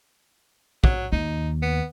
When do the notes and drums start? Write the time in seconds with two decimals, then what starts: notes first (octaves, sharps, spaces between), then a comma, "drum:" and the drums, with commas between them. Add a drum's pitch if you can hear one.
0.84 F#3, drum: kick
1.13 D#2 D#4
1.62 B3